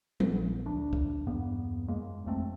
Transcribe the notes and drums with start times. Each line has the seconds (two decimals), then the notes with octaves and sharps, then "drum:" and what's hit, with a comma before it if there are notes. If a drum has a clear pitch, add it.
0.20 A#1, drum: tom F3
0.66 D2 D4
0.93 drum: kick
1.27 E2 G2 A#3 B3
1.88 F#2 G#3 A#3
2.25 G1 F2 A3 C4